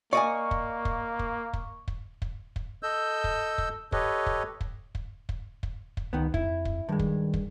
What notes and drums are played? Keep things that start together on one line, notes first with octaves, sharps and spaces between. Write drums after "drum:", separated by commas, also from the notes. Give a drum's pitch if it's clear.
A#3 D5 D#5 G#5 C#6
drum: kick
drum: kick
drum: kick
drum: kick
drum: kick
drum: kick
drum: kick
A4 D#5 E6 G6
drum: kick
drum: kick
G4 A4 B4 C#5 D#5, drum: kick
drum: kick
drum: kick
drum: kick
drum: kick
drum: kick
drum: kick
C#2 D#3 B3
F2 E4, drum: kick
drum: kick
G2 D#3 G#3
drum: kick
drum: kick